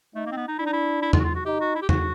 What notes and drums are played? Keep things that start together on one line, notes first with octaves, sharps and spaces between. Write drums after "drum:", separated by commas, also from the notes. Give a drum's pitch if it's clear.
A3 D#4
A#3
C4
B3
D#4
D4 E4
D#4
E4
E4
F4, drum: tom E2
F#4
F4
F#4
D#4 G4
F#4
E4
G4
F#4, drum: tom E2